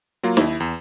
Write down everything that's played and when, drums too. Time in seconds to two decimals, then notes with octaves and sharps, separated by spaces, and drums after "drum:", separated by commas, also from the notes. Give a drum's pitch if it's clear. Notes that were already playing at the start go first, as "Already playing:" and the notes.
0.23 F#3 A#3 F4
0.37 D#2 E4, drum: snare
0.60 E2